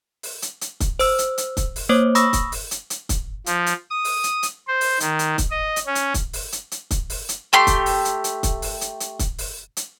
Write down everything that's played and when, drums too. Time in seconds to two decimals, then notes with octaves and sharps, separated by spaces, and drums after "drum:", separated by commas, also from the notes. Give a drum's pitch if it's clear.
0.23 drum: open hi-hat
0.42 drum: hi-hat
0.61 drum: hi-hat
0.80 drum: kick, hi-hat
0.99 C5 E6, drum: open hi-hat
1.19 drum: hi-hat
1.38 drum: hi-hat
1.57 drum: kick, hi-hat
1.76 drum: open hi-hat
1.89 A#3 C5 C#5 D6
2.15 B5 C#6 D#6 E6 A#6, drum: hi-hat
2.33 drum: kick, hi-hat
2.52 drum: open hi-hat
2.71 drum: hi-hat
2.90 drum: hi-hat
3.09 drum: kick, hi-hat
3.46 F3, drum: hi-hat
3.66 drum: hi-hat
3.91 D#6
4.05 drum: open hi-hat
4.24 drum: hi-hat
4.43 drum: hi-hat
4.67 C5
4.81 drum: open hi-hat
5.00 D#3, drum: hi-hat
5.19 drum: hi-hat
5.38 drum: kick, hi-hat
5.50 D#5
5.76 drum: hi-hat
5.86 C#4
5.95 drum: hi-hat
6.14 drum: kick, hi-hat
6.33 drum: open hi-hat
6.52 drum: hi-hat
6.71 drum: hi-hat
6.91 drum: kick, hi-hat
7.10 drum: open hi-hat
7.29 drum: hi-hat
7.53 A3 G4 C6
7.67 drum: kick, hi-hat
7.86 drum: open hi-hat
8.05 drum: hi-hat
8.24 drum: hi-hat
8.43 drum: kick, hi-hat
8.62 drum: open hi-hat
8.81 drum: hi-hat
9.00 drum: hi-hat
9.19 drum: kick, hi-hat
9.38 drum: open hi-hat
9.77 drum: hi-hat